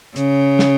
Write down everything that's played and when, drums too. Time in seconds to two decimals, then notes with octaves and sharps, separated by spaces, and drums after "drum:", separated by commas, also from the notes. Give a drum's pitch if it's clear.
0.16 C#3, drum: hi-hat
0.59 drum: snare